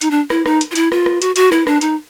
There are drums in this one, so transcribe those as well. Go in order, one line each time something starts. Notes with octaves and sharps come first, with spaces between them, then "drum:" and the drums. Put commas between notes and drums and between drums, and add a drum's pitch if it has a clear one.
D#4, drum: hi-hat
D4
E4, drum: rim click
D#4, drum: rim click
drum: hi-hat
F4
E4, drum: hi-hat
F4, drum: rim click
drum: rim click
F#4, drum: hi-hat
F#4, drum: hi-hat
E4, drum: rim click
D4, drum: rim click
D#4, drum: hi-hat